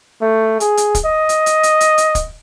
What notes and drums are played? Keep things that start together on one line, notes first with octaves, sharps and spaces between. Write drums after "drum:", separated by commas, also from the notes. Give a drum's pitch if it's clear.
A3
G#4, drum: hi-hat
drum: hi-hat
drum: kick, hi-hat
D#5
drum: hi-hat
drum: hi-hat
drum: hi-hat
drum: hi-hat
drum: hi-hat
drum: kick, hi-hat